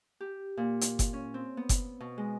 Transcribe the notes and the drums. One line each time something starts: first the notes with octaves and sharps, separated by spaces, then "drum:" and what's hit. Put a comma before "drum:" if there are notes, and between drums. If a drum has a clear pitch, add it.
G4
A#2
drum: hi-hat
drum: kick F#1, hi-hat
C#4
C4
B3
drum: kick F#1, hi-hat
B2
G#3